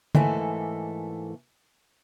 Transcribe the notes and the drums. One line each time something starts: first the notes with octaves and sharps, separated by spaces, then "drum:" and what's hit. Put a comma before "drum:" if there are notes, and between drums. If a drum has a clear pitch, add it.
G#2 E3 A3 A#3 A4 G#5, drum: tom